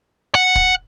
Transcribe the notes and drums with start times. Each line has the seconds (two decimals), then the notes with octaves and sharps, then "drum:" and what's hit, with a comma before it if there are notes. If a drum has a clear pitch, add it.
0.35 F#5
0.55 drum: kick